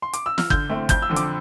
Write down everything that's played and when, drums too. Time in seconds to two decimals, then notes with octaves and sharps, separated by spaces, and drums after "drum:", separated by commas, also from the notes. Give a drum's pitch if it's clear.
0.02 C6
0.13 D6, drum: hi-hat
0.26 E6
0.38 F6, drum: snare
0.50 D3 G6, drum: kick
0.70 A3 C4 E4
0.89 F2 G6, drum: kick, hi-hat
1.02 E6
1.09 D3 F3 C4
1.16 D6, drum: hi-hat